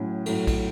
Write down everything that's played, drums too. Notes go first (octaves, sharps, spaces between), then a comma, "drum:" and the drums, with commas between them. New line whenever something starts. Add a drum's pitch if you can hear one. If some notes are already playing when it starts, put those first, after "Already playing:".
Already playing: A2 F#3 C#4
A2 F#3 A3, drum: cymbal
drum: kick A#1, cymbal